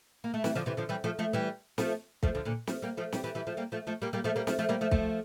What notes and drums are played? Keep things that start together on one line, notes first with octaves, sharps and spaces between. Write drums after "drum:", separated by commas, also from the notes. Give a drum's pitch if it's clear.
A#3
A3
E3 G3, drum: snare
D3 F3
C3 E3
D3 F3
E3 G3
F3 A3
F3 A3
E3 G3
F3 A3, drum: snare
F3 A3, drum: kick
D3 F3
A#2 D3
F3 A3, drum: snare
G3 A#3
F3 A3
E3 G3, drum: snare
E3 G3
E3 G3
F3 A3
G3 A#3
F3 A3
F3 A3
G3 A#3
G3 A#3
F3 A3
G3 A#3
F3 A3, drum: snare
F3 A3
G3 A#3
F3 A3
F3 A3, drum: kick